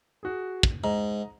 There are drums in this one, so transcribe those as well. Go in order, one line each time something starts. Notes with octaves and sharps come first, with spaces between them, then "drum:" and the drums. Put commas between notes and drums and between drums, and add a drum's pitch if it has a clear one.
F#4 G#4
drum: kick
G#2 D#5 A#5